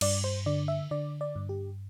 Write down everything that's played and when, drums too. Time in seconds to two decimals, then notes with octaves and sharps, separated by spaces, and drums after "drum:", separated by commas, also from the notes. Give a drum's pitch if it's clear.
0.01 G2 D5, drum: cymbal
0.24 C5
0.46 D3 D5
0.68 E5
0.91 D3 D5
1.21 D5
1.36 G2
1.49 G4